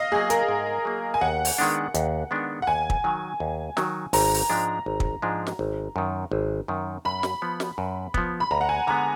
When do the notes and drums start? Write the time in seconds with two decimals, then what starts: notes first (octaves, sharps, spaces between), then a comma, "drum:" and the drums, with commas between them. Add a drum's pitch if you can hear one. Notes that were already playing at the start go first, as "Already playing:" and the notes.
Already playing: D#5 F5
0.12 F#3 A#3 G#4
0.30 A#4, drum: hi-hat
0.48 G#2
0.85 F#3 A#3
1.14 G#5
1.21 D#2 F#5
1.45 drum: open hi-hat
1.58 D#3 G#3 B3 D4
1.94 D#2, drum: hi-hat
2.31 D#3 G#3 B3 D4
2.62 F#5
2.67 D#2 G#5
2.90 drum: kick
3.04 D#3 F#3
3.40 D#2
3.77 D#3 F#3, drum: snare
4.13 G#1 A#5, drum: open hi-hat
4.34 drum: open hi-hat
4.50 G#2 F3 G#3 D4
4.86 G#1
5.00 drum: kick
5.22 G#2 F3 G#3 D4
5.47 drum: snare
5.59 G#1
5.96 F#2 D#3
6.32 G#1
6.68 F#2 D#3
7.05 F#2 B5
7.23 drum: snare
7.42 F3 B3
7.60 drum: snare
7.78 F#2
8.14 F3 B3, drum: kick
8.40 B5
8.51 D2 A#5
8.61 F#5
8.69 G#5
8.87 D3 G#3 B3 A#5